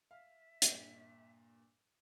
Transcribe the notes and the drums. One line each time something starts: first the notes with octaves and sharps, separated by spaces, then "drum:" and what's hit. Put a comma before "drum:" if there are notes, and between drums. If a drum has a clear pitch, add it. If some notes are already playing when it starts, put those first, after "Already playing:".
E5 F5
G2 A#2, drum: hi-hat